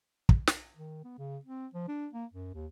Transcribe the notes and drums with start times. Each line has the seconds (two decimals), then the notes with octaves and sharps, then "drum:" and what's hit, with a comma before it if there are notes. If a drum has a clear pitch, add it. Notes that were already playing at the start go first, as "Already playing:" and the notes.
0.29 drum: kick
0.47 drum: snare
0.76 D#3
1.04 B3
1.18 C#3
1.45 C4
1.74 F3
1.88 D4
2.13 A#3
2.33 F#2
2.54 D#2